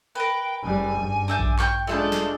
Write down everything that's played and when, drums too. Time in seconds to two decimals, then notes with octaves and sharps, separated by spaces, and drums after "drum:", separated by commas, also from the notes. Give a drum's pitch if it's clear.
0.15 A#4 B4 G5
0.62 F#1 G3 G#5
0.99 G2
1.28 D4 E5 G6
1.39 drum: kick A#1
1.59 G5 C#6, drum: clap
1.87 G#3 A3 D4 F4 A4 G6
2.12 drum: snare